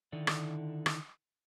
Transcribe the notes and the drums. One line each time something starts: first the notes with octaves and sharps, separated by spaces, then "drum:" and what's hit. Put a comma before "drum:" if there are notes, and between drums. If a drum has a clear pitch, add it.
D3 D#3 D#4 E4 A4 D5
drum: rim click
drum: rim click